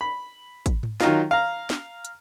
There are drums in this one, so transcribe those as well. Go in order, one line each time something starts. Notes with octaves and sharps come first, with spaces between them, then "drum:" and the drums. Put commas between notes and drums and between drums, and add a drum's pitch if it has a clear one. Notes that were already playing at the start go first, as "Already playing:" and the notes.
B5
drum: kick, hi-hat
drum: tom G#2
D#3 F#3 D#4 F4, drum: snare
F5 A#5
drum: snare
drum: hi-hat